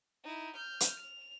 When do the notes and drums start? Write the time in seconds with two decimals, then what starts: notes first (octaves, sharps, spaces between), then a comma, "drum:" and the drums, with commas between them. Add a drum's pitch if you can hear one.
0.24 D#4 E4
0.57 F6 G6
0.80 drum: hi-hat
1.00 F7